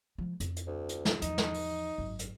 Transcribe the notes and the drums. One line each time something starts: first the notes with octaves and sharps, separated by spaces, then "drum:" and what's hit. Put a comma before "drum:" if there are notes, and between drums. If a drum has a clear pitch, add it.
F3 G#3
F2, drum: hi-hat
drum: hi-hat
D2
drum: hi-hat
drum: snare
E2 F3 D#4, drum: hi-hat
drum: snare
drum: open hi-hat
G#1 F#2
drum: hi-hat